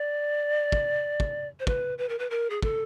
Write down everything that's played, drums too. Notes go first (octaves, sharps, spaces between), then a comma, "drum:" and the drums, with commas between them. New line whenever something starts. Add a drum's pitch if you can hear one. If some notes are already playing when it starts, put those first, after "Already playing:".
Already playing: D5
drum: kick
drum: kick
C5
B4, drum: kick
B4
A#4
B4
A#4
G#4
A4, drum: kick